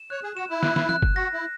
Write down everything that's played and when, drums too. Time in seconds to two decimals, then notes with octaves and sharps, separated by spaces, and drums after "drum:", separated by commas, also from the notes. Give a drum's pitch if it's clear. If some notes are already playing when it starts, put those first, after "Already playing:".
Already playing: E7
0.10 C#5 F#6
0.23 G#4
0.36 F#4 E7
0.50 E4
0.63 F#6, drum: snare
0.76 drum: snare
0.89 F#6, drum: tom E3
1.02 drum: kick F#1
1.16 F#4 A#6
1.33 E4